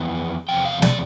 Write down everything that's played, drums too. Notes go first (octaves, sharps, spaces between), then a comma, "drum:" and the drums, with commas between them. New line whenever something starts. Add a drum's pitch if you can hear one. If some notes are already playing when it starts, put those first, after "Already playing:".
Already playing: F2 E3 B3 G5
E2 C3 F3 G5
F5
D5, drum: snare